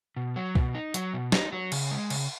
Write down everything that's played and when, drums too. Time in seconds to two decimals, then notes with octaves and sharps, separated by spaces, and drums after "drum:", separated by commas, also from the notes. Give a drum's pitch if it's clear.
0.16 B2
0.36 F#3
0.55 B2, drum: kick C2
0.75 D#4
0.94 F#3, drum: hi-hat
1.14 B2
1.32 D#4, drum: snare
1.52 F#3
1.72 C#3, drum: cymbal
1.91 G#3
2.10 C#3, drum: cymbal